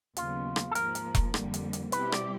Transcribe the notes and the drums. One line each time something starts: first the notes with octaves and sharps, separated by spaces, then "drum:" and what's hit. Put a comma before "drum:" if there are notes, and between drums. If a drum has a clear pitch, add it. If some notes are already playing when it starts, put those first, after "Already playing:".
D#2 C#3 F#3 B3 F4, drum: hi-hat
drum: rim click
A4
G#2 F3 A#3 A#4, drum: hi-hat
drum: hi-hat
drum: kick E1, hi-hat
F2 D3 G3 A#3, drum: rim click
drum: hi-hat
drum: hi-hat
B2 G3 C4 E4 G4 B4, drum: hi-hat
D5, drum: rim click